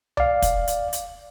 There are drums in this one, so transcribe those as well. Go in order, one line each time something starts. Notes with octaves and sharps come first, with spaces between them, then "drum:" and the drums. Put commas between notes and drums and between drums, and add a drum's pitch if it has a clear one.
D5 F5, drum: tom C2
drum: kick, hi-hat
drum: hi-hat
drum: hi-hat